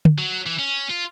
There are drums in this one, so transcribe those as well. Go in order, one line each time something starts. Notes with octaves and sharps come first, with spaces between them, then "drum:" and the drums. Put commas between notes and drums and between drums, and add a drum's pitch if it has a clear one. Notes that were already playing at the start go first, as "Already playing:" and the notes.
drum: tom
F#3
E3
C#4
F4